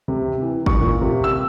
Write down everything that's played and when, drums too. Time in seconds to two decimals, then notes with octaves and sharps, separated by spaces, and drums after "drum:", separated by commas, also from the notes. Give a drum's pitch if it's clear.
0.08 C3
0.42 E3
0.66 C#6, drum: kick G#1
0.81 A#2
1.01 C3
1.24 E6